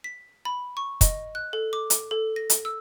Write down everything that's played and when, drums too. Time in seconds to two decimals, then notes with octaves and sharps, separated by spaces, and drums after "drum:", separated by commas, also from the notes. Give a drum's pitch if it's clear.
0.04 B6
0.45 B5
0.77 C#6
1.01 D#5, drum: kick, hi-hat
1.35 F#6
1.53 A4
1.73 D6
1.90 drum: hi-hat
2.11 A4
2.36 A#6
2.50 drum: hi-hat
2.65 E6